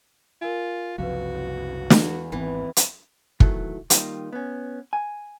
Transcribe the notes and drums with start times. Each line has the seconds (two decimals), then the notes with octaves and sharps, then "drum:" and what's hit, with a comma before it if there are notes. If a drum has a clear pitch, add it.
0.42 F4 A#4 G#5
0.98 F#1 C2 F3 F#4 B4 F5
1.90 E2, drum: snare
2.32 G#1 E3 B3 C4
2.76 drum: hi-hat
3.40 D#3 E3 F#3 A3, drum: kick
3.90 D#3 G3 A#3 D#4 F4, drum: hi-hat
4.33 B3 C#4
4.93 G#5